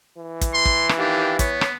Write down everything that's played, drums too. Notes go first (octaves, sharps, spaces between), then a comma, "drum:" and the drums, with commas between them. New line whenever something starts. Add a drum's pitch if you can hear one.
E3
drum: kick, hi-hat
C6
drum: kick
drum: rim click
D#3 D4 G4 F5
B3 C#5, drum: kick, hi-hat
drum: rim click